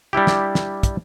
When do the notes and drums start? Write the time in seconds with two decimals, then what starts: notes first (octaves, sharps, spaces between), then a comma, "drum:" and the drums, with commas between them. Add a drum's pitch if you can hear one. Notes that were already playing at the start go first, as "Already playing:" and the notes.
0.13 G3 D4 E4 G4
0.27 drum: snare
0.55 drum: snare
0.83 drum: kick, hi-hat